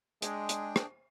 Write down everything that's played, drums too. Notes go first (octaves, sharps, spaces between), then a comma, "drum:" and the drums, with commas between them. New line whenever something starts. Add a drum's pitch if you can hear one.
G#3 D4 G#4 G5, drum: hi-hat
drum: hi-hat
drum: rim click